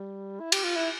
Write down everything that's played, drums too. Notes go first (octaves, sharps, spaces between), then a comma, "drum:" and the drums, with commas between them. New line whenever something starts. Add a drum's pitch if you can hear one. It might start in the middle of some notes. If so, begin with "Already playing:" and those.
Already playing: G3
E4
G4, drum: cymbal
F4
E4